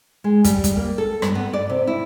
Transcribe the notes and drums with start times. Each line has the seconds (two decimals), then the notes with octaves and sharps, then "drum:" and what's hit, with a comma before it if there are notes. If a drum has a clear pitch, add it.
0.24 G#3
0.44 G3, drum: kick, hi-hat
0.64 drum: kick, hi-hat
0.77 A#3
0.98 A4
1.22 G2, drum: rim click
1.35 B3
1.53 D5
1.70 C3
1.87 E4